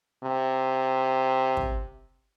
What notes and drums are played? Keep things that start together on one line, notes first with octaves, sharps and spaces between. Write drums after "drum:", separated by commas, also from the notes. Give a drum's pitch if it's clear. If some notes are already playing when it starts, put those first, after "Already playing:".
C3
drum: kick